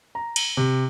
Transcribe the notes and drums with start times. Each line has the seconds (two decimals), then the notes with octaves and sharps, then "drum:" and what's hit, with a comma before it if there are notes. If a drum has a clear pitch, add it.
0.15 A#5
0.36 drum: cymbal
0.57 C3